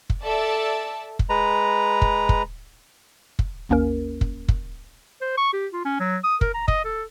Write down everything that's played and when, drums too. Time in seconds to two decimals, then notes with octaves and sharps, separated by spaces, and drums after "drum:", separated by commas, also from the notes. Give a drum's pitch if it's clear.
0.10 drum: kick
0.23 A4 D5 E5 A5
1.19 drum: kick
1.29 G#3 B4 A#5
2.02 drum: kick
2.29 drum: kick
3.39 drum: kick
3.69 G#1 D#2 A#3 C#4 A#4
4.21 drum: kick
4.48 drum: kick
5.21 C5
5.37 C#6
5.53 G4
5.73 F4
5.85 C#4
6.00 F#3
6.24 D#6
6.41 A#4, drum: kick
6.54 A#5
6.68 D#5, drum: kick
6.85 A4